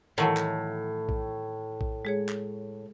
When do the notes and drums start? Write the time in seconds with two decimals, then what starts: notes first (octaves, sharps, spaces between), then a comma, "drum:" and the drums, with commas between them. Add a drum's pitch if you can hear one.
0.18 A2 D#3 E3 F#3 A4 F#5 A5
0.37 drum: clap
1.09 drum: kick A#1
1.81 drum: kick A#1
2.05 G#3 G#4 C#5
2.29 drum: clap